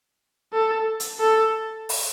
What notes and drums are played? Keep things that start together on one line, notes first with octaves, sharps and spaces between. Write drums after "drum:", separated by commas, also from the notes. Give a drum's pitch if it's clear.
A4
drum: hi-hat
A4
drum: open hi-hat